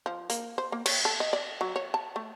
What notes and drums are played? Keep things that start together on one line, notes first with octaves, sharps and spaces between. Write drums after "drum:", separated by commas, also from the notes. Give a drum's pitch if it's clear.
F3
A#3, drum: hi-hat
C5
A#3
C#5, drum: cymbal
A4
D#5
D5
F#3
C#5
A5
A3